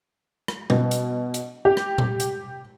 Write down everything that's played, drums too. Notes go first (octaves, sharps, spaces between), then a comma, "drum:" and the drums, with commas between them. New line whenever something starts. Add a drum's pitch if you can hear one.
drum: rim click
B2, drum: tom G3
drum: hi-hat
drum: hi-hat
G4
drum: rim click
drum: tom A#2
drum: hi-hat